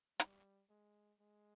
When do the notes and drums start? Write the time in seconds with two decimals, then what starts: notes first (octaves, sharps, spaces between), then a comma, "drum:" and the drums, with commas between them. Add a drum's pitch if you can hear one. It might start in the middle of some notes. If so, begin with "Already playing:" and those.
0.20 G3, drum: hi-hat
0.69 G#3
1.20 G#3